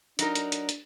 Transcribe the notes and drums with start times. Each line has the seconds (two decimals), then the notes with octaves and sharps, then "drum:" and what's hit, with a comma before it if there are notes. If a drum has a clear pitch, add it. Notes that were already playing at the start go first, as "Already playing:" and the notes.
0.19 F#3 D4 D#4 A#4, drum: hi-hat
0.35 drum: hi-hat
0.52 drum: hi-hat
0.69 drum: hi-hat